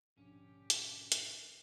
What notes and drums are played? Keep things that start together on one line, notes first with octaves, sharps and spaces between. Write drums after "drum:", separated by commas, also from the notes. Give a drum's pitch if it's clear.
A#1 G#2 B2 D3 C#4 G4
drum: hi-hat
drum: hi-hat